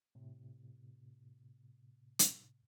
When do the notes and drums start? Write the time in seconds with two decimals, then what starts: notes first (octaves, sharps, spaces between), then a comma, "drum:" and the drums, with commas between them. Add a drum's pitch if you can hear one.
0.15 A2 C3
2.19 drum: hi-hat